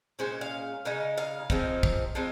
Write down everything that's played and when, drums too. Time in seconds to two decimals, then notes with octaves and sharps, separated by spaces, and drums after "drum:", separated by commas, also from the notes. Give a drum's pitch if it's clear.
0.19 A#2 G#3 C#4 C5
0.41 F5
0.85 C#3 G#3 D#4
1.18 F5
1.50 F3 G#3 C4 D#4, drum: kick
1.83 drum: kick
2.15 F3 G#3 C4 D#4